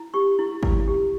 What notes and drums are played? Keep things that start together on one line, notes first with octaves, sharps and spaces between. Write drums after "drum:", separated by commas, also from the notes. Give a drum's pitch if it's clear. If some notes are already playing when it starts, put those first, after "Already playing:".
Already playing: E4
G4 C#6
E4
E4, drum: kick
G4